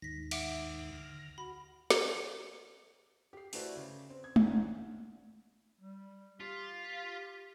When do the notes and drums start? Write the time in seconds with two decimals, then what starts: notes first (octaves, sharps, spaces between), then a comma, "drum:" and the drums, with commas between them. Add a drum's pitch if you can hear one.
0.02 D#2 G#2 D#3 A#6 B6
0.31 E5 F#5 D6, drum: cymbal
0.92 D2 F6 A#6
1.38 F#4 B5
1.90 drum: snare
3.33 G4 C7
3.53 A3 E4 F#4 B4 C5 D5, drum: open hi-hat
3.76 C#3
4.10 C4
4.24 G#6
4.36 G#2 E3 C#4 D4, drum: tom G#3
5.80 G3
6.40 F4 G4 B6